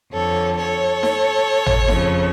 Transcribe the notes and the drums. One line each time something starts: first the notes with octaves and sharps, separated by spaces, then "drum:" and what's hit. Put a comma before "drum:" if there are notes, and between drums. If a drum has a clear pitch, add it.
F2 D3 A4 C#5
A4 C#5
drum: snare D#4
drum: tom G#1
F2 C#3, drum: snare D#4